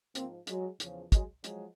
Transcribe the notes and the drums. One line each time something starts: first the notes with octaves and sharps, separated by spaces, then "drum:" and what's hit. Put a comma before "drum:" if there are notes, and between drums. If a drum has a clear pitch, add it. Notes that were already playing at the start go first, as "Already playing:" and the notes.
G#2 F3 A#3 C4, drum: hi-hat
F#3 G#3, drum: hi-hat
E2 C#3 F3, drum: hi-hat
F#3 G#3, drum: kick, hi-hat
F3 F#3 G#3, drum: hi-hat